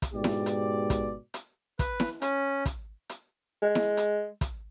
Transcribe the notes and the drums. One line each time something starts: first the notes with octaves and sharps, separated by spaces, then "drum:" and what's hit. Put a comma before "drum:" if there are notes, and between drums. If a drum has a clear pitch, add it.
drum: kick, hi-hat
G#2 B2 G4 D5
drum: snare E4
drum: hi-hat
drum: kick, hi-hat
drum: hi-hat
B4, drum: kick, hi-hat
drum: snare E4
C#4, drum: hi-hat
drum: kick, hi-hat
drum: hi-hat
G#3
drum: snare E4
drum: hi-hat
drum: kick, hi-hat